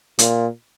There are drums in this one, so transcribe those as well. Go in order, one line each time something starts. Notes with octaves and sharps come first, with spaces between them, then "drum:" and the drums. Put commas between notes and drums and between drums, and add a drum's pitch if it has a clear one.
A#2, drum: hi-hat